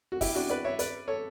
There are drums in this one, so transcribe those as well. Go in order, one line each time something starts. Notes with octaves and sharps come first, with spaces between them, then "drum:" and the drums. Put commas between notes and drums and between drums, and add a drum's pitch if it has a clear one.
F#4
E4 G4, drum: kick, open hi-hat
D4 F#4
B4 D5
C#5 E5
B4 D5, drum: hi-hat
A4 C#5